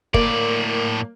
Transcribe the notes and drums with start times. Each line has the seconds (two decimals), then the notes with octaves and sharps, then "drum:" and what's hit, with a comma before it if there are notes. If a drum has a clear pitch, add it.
0.14 A2 A#3 D5, drum: kick